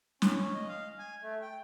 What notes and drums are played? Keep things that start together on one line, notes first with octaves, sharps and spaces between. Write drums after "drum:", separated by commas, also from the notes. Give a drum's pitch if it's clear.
C#4, drum: snare
D#5
F5
G#5
A3
G5